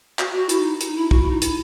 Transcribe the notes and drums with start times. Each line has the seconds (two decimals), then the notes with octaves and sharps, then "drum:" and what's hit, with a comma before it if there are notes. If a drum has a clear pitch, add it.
0.19 F#4, drum: clap
0.35 F#4
0.49 E4, drum: hi-hat
0.60 D#4
0.81 D#4, drum: hi-hat
0.96 E4
1.11 F#4, drum: kick
1.21 E4
1.30 D#4
1.42 E4, drum: hi-hat